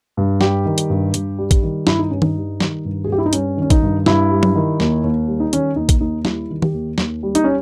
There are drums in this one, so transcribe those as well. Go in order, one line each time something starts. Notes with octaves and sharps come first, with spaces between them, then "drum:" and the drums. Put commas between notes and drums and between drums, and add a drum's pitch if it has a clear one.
G2
G3 G4, drum: snare
D#3
drum: hi-hat
G2
G2, drum: hi-hat
G3
drum: kick, hi-hat
D#3
G2 E4, drum: snare
D#4
G2 C#4
D#4, drum: tom D#3
G3
D#3, drum: snare
G2
G#4
G2 G4
E4
D#4
G3 C#4, drum: hi-hat
D#3 C#4
D#4, drum: kick, hi-hat
G2
G2 E4, drum: snare
G3
drum: tom F#3
D#3
D#2, drum: snare
D#2
G3
D#4
D#3 C#4, drum: hi-hat
D#2 D#4
drum: kick, hi-hat
D#2 D#4
G3 E4, drum: snare
D#3
G4, drum: tom D#3
D#2
D#2, drum: snare
G3
D#4, drum: hi-hat
C#4